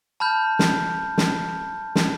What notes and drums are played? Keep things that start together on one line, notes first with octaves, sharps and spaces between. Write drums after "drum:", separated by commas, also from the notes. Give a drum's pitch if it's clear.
A5 B5 F6 G6
drum: snare
drum: snare
drum: snare